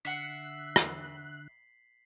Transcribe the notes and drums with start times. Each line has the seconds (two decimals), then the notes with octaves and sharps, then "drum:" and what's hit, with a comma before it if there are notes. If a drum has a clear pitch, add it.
0.05 D3 E5 F#5 F#6 B6 C7 F#7
0.76 drum: rim click